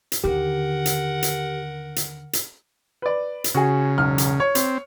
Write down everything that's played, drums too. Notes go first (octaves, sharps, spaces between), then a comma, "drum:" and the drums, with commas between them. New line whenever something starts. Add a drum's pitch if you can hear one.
drum: hi-hat
D#2 D3 G4 A#4 F#5
drum: hi-hat
drum: hi-hat
drum: hi-hat
drum: hi-hat
B4 D5
drum: hi-hat
C#3 F#4 G#4
E1 B1 F6
drum: hi-hat
C#5
C4, drum: hi-hat